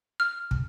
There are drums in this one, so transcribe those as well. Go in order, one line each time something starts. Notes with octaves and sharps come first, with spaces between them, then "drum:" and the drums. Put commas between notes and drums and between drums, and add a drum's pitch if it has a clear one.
F6
drum: kick